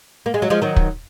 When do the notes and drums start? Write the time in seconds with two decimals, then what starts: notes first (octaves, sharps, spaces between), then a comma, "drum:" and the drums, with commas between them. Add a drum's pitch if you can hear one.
0.26 A#3
0.34 G#3
0.42 F#3
0.50 F3 G#3
0.62 D#3 F#3
0.76 drum: kick